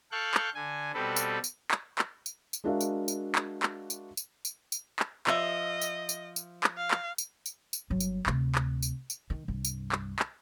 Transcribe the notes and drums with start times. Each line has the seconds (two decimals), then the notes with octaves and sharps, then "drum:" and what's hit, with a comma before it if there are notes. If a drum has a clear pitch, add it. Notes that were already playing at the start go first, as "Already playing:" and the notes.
0.12 A4 F5 G5 C#6 F#6
0.34 drum: clap
0.55 D3 G#5
0.94 B2 G3 C4 A4 B4
1.16 drum: tambourine
1.44 drum: tambourine
1.71 drum: clap
1.98 drum: clap
2.26 drum: tambourine
2.53 drum: tambourine
2.64 G#3 D4 F#4 A#4 E5 F5
2.81 drum: tambourine
3.08 drum: tambourine
3.35 drum: clap
3.63 drum: clap
3.90 drum: tambourine
4.17 drum: tambourine
4.45 drum: tambourine
4.72 drum: tambourine
4.99 drum: clap
5.27 F3 D#5 E5, drum: clap
5.82 drum: tambourine
6.09 drum: tambourine
6.36 drum: tambourine
6.64 drum: clap
6.77 F5
6.91 drum: clap
7.18 drum: tambourine
7.46 drum: tambourine
7.73 drum: tambourine
7.90 G1 F#3
8.00 drum: tambourine
8.26 D2 C3, drum: clap
8.55 drum: clap
8.82 drum: tambourine
9.10 drum: tambourine
9.30 D#3
9.48 C2 G2
9.65 drum: tambourine
9.92 drum: clap
10.19 drum: clap